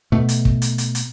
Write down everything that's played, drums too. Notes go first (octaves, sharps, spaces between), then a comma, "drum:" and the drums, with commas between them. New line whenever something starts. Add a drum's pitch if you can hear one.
B2 A3
drum: hi-hat
drum: kick
drum: hi-hat
drum: hi-hat
drum: hi-hat